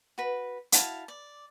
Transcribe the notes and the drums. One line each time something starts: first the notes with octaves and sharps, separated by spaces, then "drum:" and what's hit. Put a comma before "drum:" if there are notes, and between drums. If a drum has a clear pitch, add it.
F#4 B4
E4 F#4 F5 A5, drum: hi-hat
D5